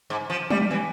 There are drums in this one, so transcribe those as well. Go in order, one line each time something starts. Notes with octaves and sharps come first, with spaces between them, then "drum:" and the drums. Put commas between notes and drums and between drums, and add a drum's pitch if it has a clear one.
G#2
F3
G3, drum: tom
E3